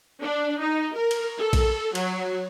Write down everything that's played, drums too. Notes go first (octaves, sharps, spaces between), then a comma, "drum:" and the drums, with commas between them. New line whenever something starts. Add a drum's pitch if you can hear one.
D4
D#4
A#4
drum: cymbal
A4
drum: kick A#1, cymbal
F#3, drum: cymbal